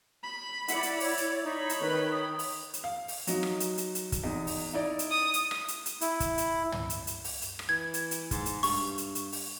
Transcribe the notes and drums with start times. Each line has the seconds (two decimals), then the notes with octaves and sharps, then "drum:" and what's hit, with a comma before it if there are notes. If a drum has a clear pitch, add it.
0.23 B5
0.68 E4 D5 F#5, drum: hi-hat
0.83 drum: hi-hat
1.00 C#5, drum: open hi-hat
1.17 drum: hi-hat
1.44 D#4 C#5 B5
1.69 drum: hi-hat
1.81 D#3 B4 G5
2.12 D#6
2.39 drum: open hi-hat
2.74 drum: hi-hat
2.84 F5
3.08 drum: open hi-hat
3.27 F#3 D#4, drum: hi-hat
3.43 drum: rim click
3.60 drum: hi-hat
3.78 drum: hi-hat
3.95 drum: hi-hat
4.12 drum: kick, hi-hat
4.23 E2 D#4
4.47 drum: open hi-hat
4.74 D#4 E4 D5
4.99 drum: hi-hat
5.11 D#6
5.34 drum: hi-hat
5.51 drum: rim click
5.68 drum: hi-hat
5.86 drum: hi-hat
6.01 E4, drum: hi-hat
6.20 drum: kick, hi-hat
6.38 drum: hi-hat
6.72 drum: tom
6.90 drum: hi-hat
7.07 drum: hi-hat
7.24 drum: open hi-hat
7.42 drum: hi-hat
7.59 drum: rim click
7.69 E3 G#6
7.94 drum: hi-hat
8.11 drum: hi-hat
8.31 G#2, drum: kick, hi-hat
8.46 drum: hi-hat
8.63 G2 C#6, drum: open hi-hat
8.98 drum: hi-hat
9.15 drum: hi-hat
9.32 drum: open hi-hat